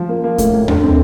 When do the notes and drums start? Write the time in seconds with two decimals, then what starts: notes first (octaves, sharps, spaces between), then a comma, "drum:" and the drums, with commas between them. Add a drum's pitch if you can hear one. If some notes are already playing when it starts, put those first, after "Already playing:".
Already playing: F3
0.09 A#3
0.24 A#3
0.38 A2, drum: kick, hi-hat
0.53 A2
0.68 D3, drum: tom D#2
0.82 C4